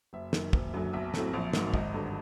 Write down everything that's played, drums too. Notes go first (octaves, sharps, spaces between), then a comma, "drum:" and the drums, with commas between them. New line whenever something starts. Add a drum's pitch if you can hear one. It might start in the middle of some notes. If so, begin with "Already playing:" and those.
F#1 E5
F#2 D#3, drum: snare
F#1, drum: kick
F#2 D3 F#3
B1 E5
A2 F#3 A3 C4, drum: snare
A#1
G#2 D#3 F#3, drum: snare
G#1 D#5, drum: kick
G2 D3